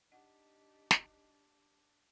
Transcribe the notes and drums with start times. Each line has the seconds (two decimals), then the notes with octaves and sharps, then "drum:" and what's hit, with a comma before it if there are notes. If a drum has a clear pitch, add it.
0.12 D4 D#4 G4 D#5 F#5
0.91 drum: snare